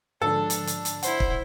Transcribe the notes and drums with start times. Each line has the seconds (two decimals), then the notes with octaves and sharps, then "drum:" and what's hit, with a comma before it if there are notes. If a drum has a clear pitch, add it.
0.22 G#2 D3 F3 D4 A4
0.50 drum: hi-hat
0.67 drum: hi-hat
0.85 drum: hi-hat
1.03 E4 C5 F#5, drum: hi-hat
1.20 drum: kick